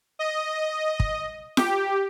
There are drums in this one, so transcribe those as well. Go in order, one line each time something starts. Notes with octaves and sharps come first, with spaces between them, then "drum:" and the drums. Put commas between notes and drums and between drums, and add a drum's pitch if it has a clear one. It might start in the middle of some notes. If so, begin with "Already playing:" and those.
D#5
drum: kick
G4, drum: snare F4